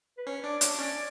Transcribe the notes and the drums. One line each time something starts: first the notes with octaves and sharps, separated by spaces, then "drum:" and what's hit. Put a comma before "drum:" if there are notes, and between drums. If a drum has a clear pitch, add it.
B4
C#4 C#5
D4 D5
D4 C#5, drum: hi-hat
C#4 D5